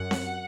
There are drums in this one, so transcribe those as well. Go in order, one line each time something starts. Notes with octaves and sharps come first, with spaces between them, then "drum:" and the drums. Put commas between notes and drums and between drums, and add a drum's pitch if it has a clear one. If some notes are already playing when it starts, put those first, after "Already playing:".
Already playing: F#2 F#5
drum: snare C4